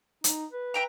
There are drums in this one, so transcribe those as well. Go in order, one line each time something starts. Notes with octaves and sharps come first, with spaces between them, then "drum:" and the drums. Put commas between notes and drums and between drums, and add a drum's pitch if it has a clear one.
D#4, drum: hi-hat
B4
E5 G5 A#5